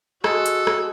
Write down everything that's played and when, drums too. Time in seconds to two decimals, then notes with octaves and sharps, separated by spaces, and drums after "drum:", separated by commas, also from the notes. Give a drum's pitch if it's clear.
0.24 G#3 F#4 A4, drum: rim click
0.46 drum: hi-hat
0.67 drum: rim click